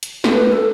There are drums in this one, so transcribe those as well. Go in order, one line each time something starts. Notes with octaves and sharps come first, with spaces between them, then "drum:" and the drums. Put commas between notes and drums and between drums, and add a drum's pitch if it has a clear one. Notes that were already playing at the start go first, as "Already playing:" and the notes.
drum: hi-hat
A4, drum: snare
B4
A4